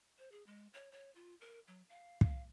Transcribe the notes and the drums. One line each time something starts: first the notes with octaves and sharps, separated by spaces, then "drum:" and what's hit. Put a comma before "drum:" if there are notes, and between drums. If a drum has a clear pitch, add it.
C5
G#4
G#3
C#5
C#5
F4
A#4
F#3
F5
F5, drum: kick